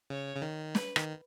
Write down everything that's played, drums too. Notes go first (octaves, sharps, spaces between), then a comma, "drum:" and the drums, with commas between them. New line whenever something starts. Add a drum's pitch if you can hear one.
C#3 C#5
C#3
D#3
B4, drum: snare
D#3, drum: rim click